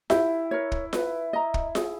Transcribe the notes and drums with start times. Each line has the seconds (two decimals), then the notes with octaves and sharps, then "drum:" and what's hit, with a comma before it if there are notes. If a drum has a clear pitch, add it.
0.10 E4 G4, drum: snare F4
0.51 A#4 C#5
0.72 drum: kick
0.93 B4, drum: snare F4
1.33 D#5 A#5
1.54 drum: kick
1.75 G#4, drum: snare F4